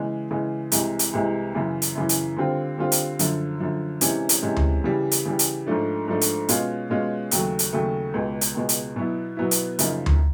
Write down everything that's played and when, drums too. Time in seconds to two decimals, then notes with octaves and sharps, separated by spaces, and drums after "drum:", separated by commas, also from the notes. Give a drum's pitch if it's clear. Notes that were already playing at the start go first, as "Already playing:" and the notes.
Already playing: C#3 E3 G#3
0.31 C#3 E3 G#3
0.72 C2 C3 E3 G#3, drum: hi-hat
0.99 drum: hi-hat
1.13 C2 C3 E3 G#3
1.54 F#2 C#3 E3
1.82 drum: hi-hat
1.95 F#2 C#3 E3
2.09 drum: hi-hat
2.36 D3 G3 C4 F4
2.78 D3 G3 C4 F4
2.92 drum: hi-hat
3.19 F#2 D3 F3, drum: hi-hat
3.60 F#2 D3 F3
4.01 C3 E3 G#3 C#4, drum: hi-hat
4.29 drum: hi-hat
4.43 C3 E3 G#3 C#4
4.57 drum: tom D2
4.84 C#3 E3 G3
5.11 drum: hi-hat
5.26 C#3 E3 G3
5.39 drum: hi-hat
5.66 G#2 F3 A3 D4
6.08 G#2 F3 A3 D4
6.21 drum: hi-hat
6.49 B2 G#3 C#4 F4, drum: hi-hat
6.90 B2 G#3 C#4 F4
7.31 D#2 C#3 F#3 A3, drum: hi-hat
7.59 drum: hi-hat
7.73 D#2 C#3 F#3 A3
8.14 C#2 B2 G#3
8.41 drum: hi-hat
8.55 C#2 B2 G#3
8.69 drum: hi-hat
8.96 B2 F#3 B3 E4
9.37 B2 F#3 B3 E4
9.51 drum: hi-hat
9.79 F#2 C#3 F3 A#3 D#4, drum: hi-hat
10.06 drum: tom D2